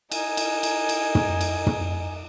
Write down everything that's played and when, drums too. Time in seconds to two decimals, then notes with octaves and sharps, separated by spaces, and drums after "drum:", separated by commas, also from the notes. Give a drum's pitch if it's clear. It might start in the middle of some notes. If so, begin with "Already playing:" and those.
0.12 D#4 G#5, drum: cymbal
0.37 drum: cymbal
0.63 drum: cymbal
0.89 drum: cymbal
1.15 drum: tom
1.41 drum: cymbal
1.66 drum: tom